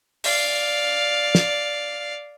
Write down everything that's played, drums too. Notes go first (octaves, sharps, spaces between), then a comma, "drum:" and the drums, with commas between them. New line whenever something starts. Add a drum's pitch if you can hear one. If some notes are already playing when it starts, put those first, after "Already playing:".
D5 F5, drum: open hi-hat
drum: snare